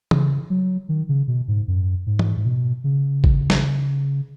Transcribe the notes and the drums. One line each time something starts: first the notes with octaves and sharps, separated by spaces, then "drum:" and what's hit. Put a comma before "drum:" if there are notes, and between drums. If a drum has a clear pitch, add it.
C#3, drum: tom
F#3
D#3
C#3
B2
G#2
F#2
G#2
drum: tom
G#2
B2
C#3
drum: kick G#1
drum: snare